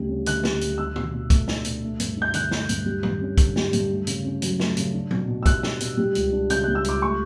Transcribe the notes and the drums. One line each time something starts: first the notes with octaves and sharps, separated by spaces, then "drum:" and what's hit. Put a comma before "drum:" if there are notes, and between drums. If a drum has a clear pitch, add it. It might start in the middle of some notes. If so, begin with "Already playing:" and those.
Already playing: D2 C#3 G3
C#4
D3 F#6, drum: hi-hat
G3, drum: snare
D2, drum: hi-hat
D4 E6
B2, drum: tom
B2
A3, drum: kick, hi-hat
D4, drum: snare
B2, drum: hi-hat
A3
G2, drum: hi-hat
D4 G6
D3 F#6, drum: hi-hat
A3, drum: snare
G2, drum: hi-hat
G3
G2, drum: tom
C#4
D3, drum: kick, hi-hat
G3, drum: snare
G2, drum: hi-hat
A3
C#3, drum: hi-hat
C#4
F#3, drum: hi-hat
A3, drum: snare
C#3, drum: hi-hat
D4
B2, drum: tom
B2
E6
G3 F#6, drum: kick, hi-hat
D4, drum: snare
B2, drum: hi-hat
G3
C#2, drum: hi-hat
D4
C#3 G6, drum: hi-hat
G3 F#6
E6
C#2 D6, drum: hi-hat
A3 C#6